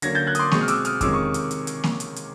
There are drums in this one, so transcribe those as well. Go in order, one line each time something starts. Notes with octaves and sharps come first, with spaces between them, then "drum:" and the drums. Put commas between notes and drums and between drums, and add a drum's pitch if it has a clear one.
D3 F#3 A#3 C#4 G#6 A#6, drum: hi-hat
G6 A6
F#6 G#6
D#6, drum: hi-hat
C6 D6
B2 G#3 C4 C#6 D#6, drum: snare A#3
F6
D6 E6, drum: hi-hat
D#6 F6, drum: hi-hat
C3 D#3 G#3 C#4 F4 D6 E6, drum: kick F2, hi-hat
C#6 D#6
drum: hi-hat
drum: hi-hat
drum: hi-hat
drum: snare A#3
drum: hi-hat
drum: hi-hat